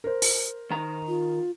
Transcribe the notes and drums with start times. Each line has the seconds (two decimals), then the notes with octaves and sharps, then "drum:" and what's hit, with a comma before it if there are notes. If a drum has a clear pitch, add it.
0.04 A#4 C5
0.22 drum: open hi-hat
0.71 D#3 A#5
1.08 F4